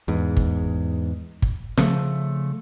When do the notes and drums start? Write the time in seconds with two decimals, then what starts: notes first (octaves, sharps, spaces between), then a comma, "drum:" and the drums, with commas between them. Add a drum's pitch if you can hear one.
0.08 E2 G#2
0.36 drum: kick G1
1.42 drum: kick G1
1.78 C#3 F3 A3, drum: snare